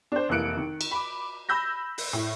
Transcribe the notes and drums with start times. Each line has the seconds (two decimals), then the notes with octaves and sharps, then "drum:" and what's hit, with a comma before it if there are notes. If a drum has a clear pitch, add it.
0.12 D4 C5
0.29 F1 E3 A#3 F#6 C#7 D7
0.57 D#3
0.81 drum: cymbal
0.91 B5 D6
1.49 B5 E6 G6 A#6
1.98 drum: open hi-hat
2.13 A2